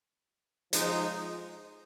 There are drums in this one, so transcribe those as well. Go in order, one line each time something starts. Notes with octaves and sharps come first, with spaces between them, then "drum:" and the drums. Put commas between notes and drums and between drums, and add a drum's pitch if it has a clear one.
F3 G#3 D#4, drum: hi-hat